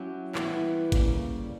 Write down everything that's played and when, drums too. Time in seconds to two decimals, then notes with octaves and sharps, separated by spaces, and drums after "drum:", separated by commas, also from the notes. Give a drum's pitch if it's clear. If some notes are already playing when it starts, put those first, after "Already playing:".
Already playing: F#3 C#4 E4 G4
0.35 E3 G3 B3 E4, drum: clap
0.92 C#3 G3 A#3, drum: kick, hi-hat